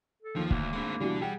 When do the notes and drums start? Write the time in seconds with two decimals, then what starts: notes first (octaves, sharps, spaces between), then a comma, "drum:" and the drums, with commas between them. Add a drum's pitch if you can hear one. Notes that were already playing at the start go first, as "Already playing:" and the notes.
0.22 A4
0.36 D#2 D#3 F3
0.51 D2 A#3, drum: kick
0.73 D2 G#3 C4 B5
1.00 B2 D3 E3 G3 D4
1.21 G3 G#4 F#5 G5